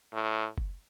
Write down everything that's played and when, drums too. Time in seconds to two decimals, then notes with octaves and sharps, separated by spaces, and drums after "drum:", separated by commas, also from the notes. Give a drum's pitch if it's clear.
0.13 A2
0.58 drum: kick F#1